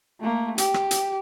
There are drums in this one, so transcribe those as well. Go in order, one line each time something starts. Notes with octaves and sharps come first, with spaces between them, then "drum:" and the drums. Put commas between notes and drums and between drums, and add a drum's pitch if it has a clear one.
A3 A#3
G4, drum: hi-hat
drum: rim click
drum: hi-hat